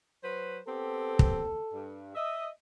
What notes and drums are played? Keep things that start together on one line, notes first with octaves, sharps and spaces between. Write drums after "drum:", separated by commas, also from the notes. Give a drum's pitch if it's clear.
F#3 B4 C5
B3 C4 G4 A4
drum: kick
G2
D#5 E5